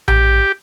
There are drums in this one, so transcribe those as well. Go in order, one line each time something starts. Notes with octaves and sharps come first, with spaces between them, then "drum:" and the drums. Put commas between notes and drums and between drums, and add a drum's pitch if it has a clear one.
G4, drum: tom A#1